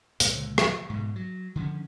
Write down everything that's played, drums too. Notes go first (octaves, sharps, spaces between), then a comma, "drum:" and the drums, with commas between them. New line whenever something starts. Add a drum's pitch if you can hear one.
C#2 A#2 D3 G#3, drum: hi-hat
drum: rim click
G#2 B2
F#3
D3 D#3 F3 C#4